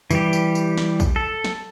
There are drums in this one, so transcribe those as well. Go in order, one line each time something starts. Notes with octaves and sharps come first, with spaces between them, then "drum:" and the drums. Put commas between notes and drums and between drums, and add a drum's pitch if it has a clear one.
E3 G3 G4, drum: tambourine
drum: tambourine
drum: tambourine
drum: snare
drum: kick, tambourine
A4
drum: snare